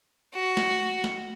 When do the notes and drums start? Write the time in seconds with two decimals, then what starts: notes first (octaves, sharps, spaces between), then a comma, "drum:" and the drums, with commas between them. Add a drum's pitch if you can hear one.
0.34 F#4
0.57 drum: snare
1.04 drum: snare